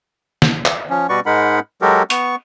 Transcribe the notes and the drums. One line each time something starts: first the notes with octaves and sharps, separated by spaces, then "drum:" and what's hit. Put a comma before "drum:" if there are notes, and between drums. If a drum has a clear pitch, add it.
drum: snare
drum: clap
F3 C#4
B2 G3 F#4 B4 D5 C#6
G#2 G#3 D#4 A#4 F#5 B5
F#3 G#3 F#4 G4 A4 A#4
B3 C#6, drum: hi-hat